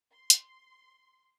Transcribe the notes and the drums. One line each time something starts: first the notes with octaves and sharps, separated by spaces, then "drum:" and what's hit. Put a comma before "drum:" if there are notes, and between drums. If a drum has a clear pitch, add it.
C6
drum: hi-hat